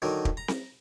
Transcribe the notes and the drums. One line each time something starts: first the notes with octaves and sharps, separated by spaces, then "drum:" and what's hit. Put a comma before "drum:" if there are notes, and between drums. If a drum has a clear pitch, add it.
D3 D#3 F#3
drum: kick
A#5
drum: snare C4